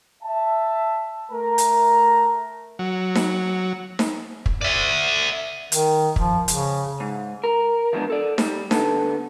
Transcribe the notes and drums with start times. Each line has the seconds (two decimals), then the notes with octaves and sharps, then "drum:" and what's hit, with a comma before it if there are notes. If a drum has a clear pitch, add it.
0.23 E5 A5
1.31 A3 A#4 A#5
1.58 drum: hi-hat
2.79 F#3
3.15 drum: snare D#4
3.99 drum: snare D#4
4.46 drum: kick
4.61 D5 E5
5.72 D#3, drum: hi-hat
6.16 F3, drum: kick
6.48 C#3, drum: hi-hat
7.00 G#2
7.44 A#4
7.93 E3 F3 G#3 B3 D4
8.10 A4 D5
8.38 G3, drum: snare D#4
8.71 D3 B3 A4, drum: snare D#4